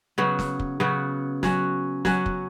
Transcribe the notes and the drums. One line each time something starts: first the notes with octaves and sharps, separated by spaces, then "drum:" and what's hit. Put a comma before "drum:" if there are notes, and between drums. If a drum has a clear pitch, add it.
C#3 F#3 B3 F#4
drum: snare
drum: kick
C#3 F#3 B3 F#4
F#3 C#4 F#4, drum: snare
F#3 C#4 F#4, drum: snare
drum: kick